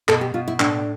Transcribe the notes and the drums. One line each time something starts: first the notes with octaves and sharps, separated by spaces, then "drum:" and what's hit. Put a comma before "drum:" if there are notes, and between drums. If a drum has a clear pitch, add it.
B2 A4, drum: clap
G4
B2 F4
E4
A2 D4, drum: clap